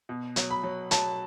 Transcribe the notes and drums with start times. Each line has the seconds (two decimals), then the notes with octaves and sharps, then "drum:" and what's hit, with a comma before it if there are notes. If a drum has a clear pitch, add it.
0.09 B2
0.36 F#3, drum: hi-hat
0.51 B5
0.64 F#3
0.91 F#3 A5, drum: hi-hat